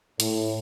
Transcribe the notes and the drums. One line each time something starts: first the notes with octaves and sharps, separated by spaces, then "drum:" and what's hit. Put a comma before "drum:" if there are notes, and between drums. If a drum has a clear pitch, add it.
A2, drum: hi-hat